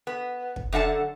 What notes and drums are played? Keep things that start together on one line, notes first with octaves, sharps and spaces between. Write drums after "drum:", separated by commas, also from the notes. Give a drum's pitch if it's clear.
B3
drum: kick
F#2 D3 F#5 A5